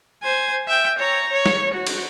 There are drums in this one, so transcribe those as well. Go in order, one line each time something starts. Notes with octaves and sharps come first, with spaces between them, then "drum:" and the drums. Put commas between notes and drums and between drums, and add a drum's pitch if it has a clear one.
C5 G#5
E5 G5
C#5 A#5
C#5
drum: snare
F#4
drum: cymbal